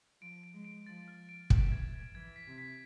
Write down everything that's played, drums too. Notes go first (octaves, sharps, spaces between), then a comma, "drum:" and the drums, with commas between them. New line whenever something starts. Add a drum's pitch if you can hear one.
F3 D7
D7
G#3
D7
F3 A6
F6
D7
E3 E7, drum: kick
G#6
G#6
E3 G#6
B6
C3
B6